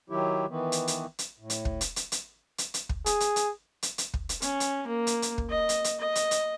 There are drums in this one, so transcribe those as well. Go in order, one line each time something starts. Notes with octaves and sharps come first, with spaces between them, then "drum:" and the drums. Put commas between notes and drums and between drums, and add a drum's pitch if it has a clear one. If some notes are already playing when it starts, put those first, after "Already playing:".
D#3 F#3 E4 G4
D#3 E3 B3
drum: hi-hat
drum: hi-hat
drum: hi-hat
A2
drum: hi-hat
drum: kick
drum: hi-hat
drum: hi-hat
drum: hi-hat
drum: hi-hat
drum: hi-hat
drum: kick
G#4, drum: hi-hat
drum: hi-hat
drum: hi-hat
drum: hi-hat
drum: hi-hat
drum: kick
drum: hi-hat
C#4, drum: hi-hat
drum: hi-hat
A#3
drum: hi-hat
drum: hi-hat
drum: kick
D#5
drum: hi-hat
drum: hi-hat
D#5
drum: hi-hat
drum: hi-hat